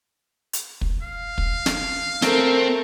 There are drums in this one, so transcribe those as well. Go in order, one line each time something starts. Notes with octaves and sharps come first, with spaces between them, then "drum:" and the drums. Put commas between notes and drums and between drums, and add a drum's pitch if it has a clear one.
drum: hi-hat
drum: kick
F5
drum: kick
drum: snare
A3 C4 A#4, drum: snare